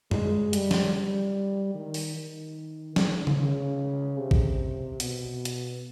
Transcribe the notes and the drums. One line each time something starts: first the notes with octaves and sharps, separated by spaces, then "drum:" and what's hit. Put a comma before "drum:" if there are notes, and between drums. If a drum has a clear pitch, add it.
G#3, drum: tom F#2
G3, drum: hi-hat
drum: snare
G3
D#3
drum: open hi-hat
D#3
D#3, drum: snare
drum: tom C#3
C#3
C3
drum: kick
B2, drum: hi-hat
drum: hi-hat